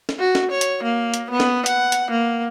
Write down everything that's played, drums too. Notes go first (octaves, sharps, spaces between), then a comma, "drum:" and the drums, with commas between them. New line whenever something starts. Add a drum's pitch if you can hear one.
drum: snare
F#4
drum: snare
C#5
drum: hi-hat
A#3
drum: hi-hat
B3
drum: snare
F#5, drum: hi-hat
drum: hi-hat
A#3